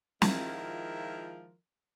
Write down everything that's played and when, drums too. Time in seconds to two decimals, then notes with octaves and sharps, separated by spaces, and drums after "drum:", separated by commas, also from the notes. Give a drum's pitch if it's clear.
0.22 D#3 F3 G#3 E4 F4 A#4, drum: snare